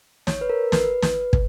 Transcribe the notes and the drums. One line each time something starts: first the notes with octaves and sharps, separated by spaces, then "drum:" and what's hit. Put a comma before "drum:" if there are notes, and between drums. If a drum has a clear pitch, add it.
C#5, drum: snare
B4
A#4
B4, drum: snare
drum: snare
drum: kick